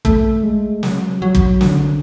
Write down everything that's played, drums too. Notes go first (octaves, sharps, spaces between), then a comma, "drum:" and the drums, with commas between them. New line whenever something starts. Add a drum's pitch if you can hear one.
A3, drum: kick
G#3
F#3, drum: snare
F#3
drum: kick
D3, drum: snare